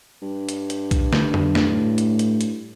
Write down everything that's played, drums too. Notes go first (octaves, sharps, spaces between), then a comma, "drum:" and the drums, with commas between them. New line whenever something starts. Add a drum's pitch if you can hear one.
G2
drum: hi-hat
drum: hi-hat
drum: kick B1, hi-hat
D3, drum: snare
drum: tom F2
drum: snare
A2
drum: hi-hat
drum: hi-hat
drum: hi-hat